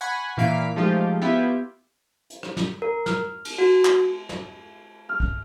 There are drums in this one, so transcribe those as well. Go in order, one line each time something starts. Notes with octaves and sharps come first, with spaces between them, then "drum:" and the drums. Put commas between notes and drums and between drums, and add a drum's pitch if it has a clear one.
F#5 G#5 B5 C#6 F#6
A#2 E3 A#3 F5 B6 D7
F3 G#3 A3 D#4 F4 G4
B3 E4 F4 G4 E5
drum: hi-hat
drum: rim click
drum: snare
A#4
F6, drum: snare
drum: cymbal
F#4
drum: clap
drum: snare
F6
drum: kick